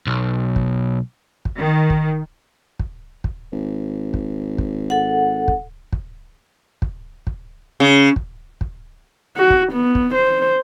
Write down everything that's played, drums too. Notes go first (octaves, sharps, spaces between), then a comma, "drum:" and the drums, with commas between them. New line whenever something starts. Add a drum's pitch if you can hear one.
B1
drum: kick
drum: kick
D#3
drum: kick
drum: kick
drum: kick
G#1
drum: kick
drum: kick
A4 F#5
drum: kick
drum: kick
drum: kick
drum: kick
C#3
drum: kick
drum: kick
F#4
drum: kick
B3
drum: kick
C5